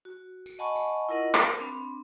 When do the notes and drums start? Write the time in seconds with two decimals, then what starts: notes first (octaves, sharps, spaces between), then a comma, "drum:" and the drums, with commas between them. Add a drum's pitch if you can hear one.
0.05 F#4
0.46 drum: tambourine
0.59 D#5 F#5 G#5 A5 B5 C#6
0.75 drum: tambourine
1.09 E4 F4 A#4 D#5 F#5
1.35 A#4, drum: clap
1.60 C4 D4 B5